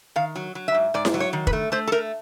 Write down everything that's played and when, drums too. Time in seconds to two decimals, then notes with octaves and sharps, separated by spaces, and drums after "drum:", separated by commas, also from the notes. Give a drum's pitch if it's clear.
0.16 D#3 F5
0.36 F#3
0.55 F#3
0.68 E5
0.74 G#2
0.94 G#2 D5
1.05 drum: snare E4
1.14 F#3
1.20 C#5
1.33 D#3
1.47 B4, drum: kick
1.53 A3
1.72 A3 C5
1.87 A4
1.92 A3 A#4